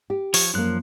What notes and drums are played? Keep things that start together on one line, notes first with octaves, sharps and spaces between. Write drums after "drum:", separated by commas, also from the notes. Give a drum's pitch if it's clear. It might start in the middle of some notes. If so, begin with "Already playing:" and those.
G4
F3 C#5, drum: open hi-hat
F#2 F3 A#3 F#6